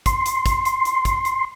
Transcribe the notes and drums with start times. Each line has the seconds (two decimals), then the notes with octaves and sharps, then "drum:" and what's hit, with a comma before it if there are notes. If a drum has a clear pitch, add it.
0.06 C6, drum: kick, hi-hat
0.26 drum: hi-hat
0.46 drum: kick, hi-hat
0.65 drum: hi-hat
0.85 drum: hi-hat
1.05 drum: kick, hi-hat
1.25 drum: hi-hat